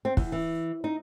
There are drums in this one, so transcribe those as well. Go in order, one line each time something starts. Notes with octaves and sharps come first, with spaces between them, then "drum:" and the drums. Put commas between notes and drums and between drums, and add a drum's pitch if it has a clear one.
C4
E2, drum: kick
E3
D#4